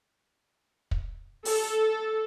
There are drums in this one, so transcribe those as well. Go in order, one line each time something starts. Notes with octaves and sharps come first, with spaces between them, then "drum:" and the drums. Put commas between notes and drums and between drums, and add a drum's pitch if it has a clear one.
drum: kick
A4, drum: open hi-hat